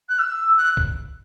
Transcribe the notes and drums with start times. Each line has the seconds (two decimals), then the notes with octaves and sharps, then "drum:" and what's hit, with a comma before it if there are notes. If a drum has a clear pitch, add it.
0.09 F#6
0.18 E6
0.57 F#6
0.77 drum: kick